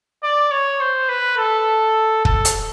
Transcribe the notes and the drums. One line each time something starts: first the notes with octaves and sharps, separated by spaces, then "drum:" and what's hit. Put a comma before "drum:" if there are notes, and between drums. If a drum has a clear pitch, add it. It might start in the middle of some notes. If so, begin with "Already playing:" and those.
D5
C#5
C5
B4
A4
A4, drum: kick
drum: hi-hat